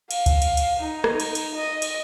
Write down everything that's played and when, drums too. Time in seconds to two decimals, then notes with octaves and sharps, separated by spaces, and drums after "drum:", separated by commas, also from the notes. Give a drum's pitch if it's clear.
0.11 F5, drum: cymbal
0.26 drum: kick C#2, cymbal
0.42 drum: cymbal
0.57 drum: cymbal
0.80 D#4
1.04 drum: rim click
1.20 drum: cymbal
1.35 drum: cymbal
1.56 D#5
1.82 drum: cymbal